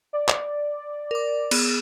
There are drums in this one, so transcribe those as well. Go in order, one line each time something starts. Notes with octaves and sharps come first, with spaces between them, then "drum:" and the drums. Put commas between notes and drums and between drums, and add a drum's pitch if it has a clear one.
D5
drum: clap
A#4 D6
B3 G#4, drum: cymbal